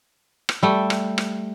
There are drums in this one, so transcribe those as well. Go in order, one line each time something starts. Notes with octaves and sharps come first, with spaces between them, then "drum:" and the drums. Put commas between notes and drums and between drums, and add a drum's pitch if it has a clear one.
drum: rim click
G3 A3
drum: rim click
drum: rim click